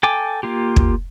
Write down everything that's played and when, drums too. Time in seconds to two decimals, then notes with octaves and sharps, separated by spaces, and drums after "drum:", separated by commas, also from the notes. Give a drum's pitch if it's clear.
0.03 A4 G5 G#5 D6
0.43 A#3 F4 G4
0.76 drum: kick